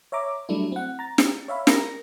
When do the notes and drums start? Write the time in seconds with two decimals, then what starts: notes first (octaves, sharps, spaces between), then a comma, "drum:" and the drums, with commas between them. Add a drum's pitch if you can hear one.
0.12 C#5 E5 A#5 D6
0.49 F#3 G3 A3 D4 E4
0.72 C4 F#5
0.99 A#5 A6
1.18 drum: snare
1.48 C#5 E5 F5 B5
1.67 A#4 A#5 A#6, drum: snare